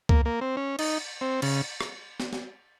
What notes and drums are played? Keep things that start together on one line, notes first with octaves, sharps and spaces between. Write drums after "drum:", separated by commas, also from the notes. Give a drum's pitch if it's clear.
A#3, drum: kick C#2
A#3
C4
C#4
D#4, drum: cymbal
C4
C#3, drum: cymbal
drum: rim click
drum: snare
drum: snare